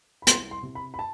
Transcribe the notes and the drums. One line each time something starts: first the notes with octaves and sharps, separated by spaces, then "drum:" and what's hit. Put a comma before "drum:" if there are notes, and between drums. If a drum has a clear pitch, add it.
B5
C2 C6, drum: hi-hat
C6
C3
B5
B5
A5